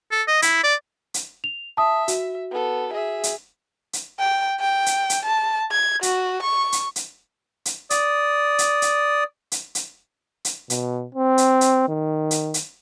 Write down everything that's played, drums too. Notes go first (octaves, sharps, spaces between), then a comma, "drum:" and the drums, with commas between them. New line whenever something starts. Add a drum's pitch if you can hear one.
A4
D#5
E4, drum: hi-hat
D5
drum: hi-hat
F7
E5 A5 D#6
F#4, drum: hi-hat
B3 A4
G#4 E5
drum: hi-hat
drum: hi-hat
G5
G5
drum: hi-hat
drum: hi-hat
A5
G#6
F#4, drum: hi-hat
C#6
drum: hi-hat
drum: hi-hat
drum: hi-hat
D5 D#6, drum: hi-hat
drum: hi-hat
drum: hi-hat
drum: hi-hat
drum: hi-hat
drum: hi-hat
B2, drum: hi-hat
C4
drum: hi-hat
drum: hi-hat
D#3
drum: hi-hat
drum: hi-hat